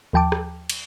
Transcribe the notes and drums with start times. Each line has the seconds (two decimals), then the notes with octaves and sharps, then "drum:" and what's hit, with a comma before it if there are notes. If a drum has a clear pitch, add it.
0.13 D#2 F3 G5 A5 D6
0.32 drum: rim click
0.70 drum: cymbal